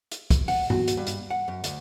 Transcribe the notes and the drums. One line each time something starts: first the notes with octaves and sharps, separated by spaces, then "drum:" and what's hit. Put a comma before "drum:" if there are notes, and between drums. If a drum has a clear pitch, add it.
drum: hi-hat
drum: kick, hi-hat
F#5, drum: open hi-hat
F#4, drum: tom G2
drum: hi-hat
G2
drum: hi-hat
F#5
F#2
D2, drum: hi-hat